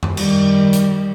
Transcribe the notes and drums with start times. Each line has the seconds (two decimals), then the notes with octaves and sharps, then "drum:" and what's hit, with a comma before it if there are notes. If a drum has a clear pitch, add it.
0.03 drum: tom F#2
0.17 D#3 G3, drum: cymbal
0.73 drum: hi-hat